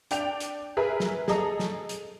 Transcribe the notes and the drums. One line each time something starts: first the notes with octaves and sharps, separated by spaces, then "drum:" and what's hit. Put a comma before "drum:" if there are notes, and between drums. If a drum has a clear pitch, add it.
D4 G5 F7, drum: hi-hat
drum: hi-hat
G#4 A#4 B4 E5
drum: snare
G#4 A4 D#5 A#5, drum: snare
drum: snare
drum: hi-hat